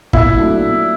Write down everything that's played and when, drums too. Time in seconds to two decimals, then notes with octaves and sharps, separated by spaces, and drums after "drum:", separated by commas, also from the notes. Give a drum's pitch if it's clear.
0.13 A#2 E4, drum: kick
0.37 F#3 A3 D4
0.60 A#2